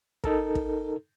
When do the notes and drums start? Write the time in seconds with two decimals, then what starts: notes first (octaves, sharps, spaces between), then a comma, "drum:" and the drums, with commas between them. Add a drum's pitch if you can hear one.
0.24 D#4 A4 A#4, drum: kick
0.55 drum: kick